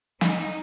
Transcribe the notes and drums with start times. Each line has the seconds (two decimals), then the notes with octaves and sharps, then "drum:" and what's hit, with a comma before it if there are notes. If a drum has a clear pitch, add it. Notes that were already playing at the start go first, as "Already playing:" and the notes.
0.21 D#4, drum: snare